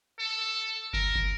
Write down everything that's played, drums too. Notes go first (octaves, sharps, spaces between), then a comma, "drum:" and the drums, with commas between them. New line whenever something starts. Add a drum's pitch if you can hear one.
A4
A#4, drum: kick
drum: kick